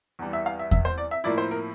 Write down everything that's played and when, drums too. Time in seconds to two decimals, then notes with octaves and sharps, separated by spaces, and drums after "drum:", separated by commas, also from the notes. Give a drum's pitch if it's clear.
0.19 E2 E3 G3
0.33 E5
0.46 F5
0.59 E5
0.71 E5, drum: kick E2
0.85 C5
0.98 D5
1.11 E5
1.24 A2 F3 A#3 E4 D5
1.38 C5
1.51 A#4